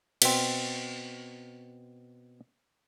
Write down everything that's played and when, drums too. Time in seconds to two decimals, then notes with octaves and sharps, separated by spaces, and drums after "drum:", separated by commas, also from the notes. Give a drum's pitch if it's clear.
0.22 B2 C4, drum: cymbal